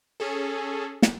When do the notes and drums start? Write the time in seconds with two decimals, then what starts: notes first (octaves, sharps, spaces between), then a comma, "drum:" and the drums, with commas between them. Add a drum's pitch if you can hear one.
0.20 C#4 G#4 A4
1.02 drum: snare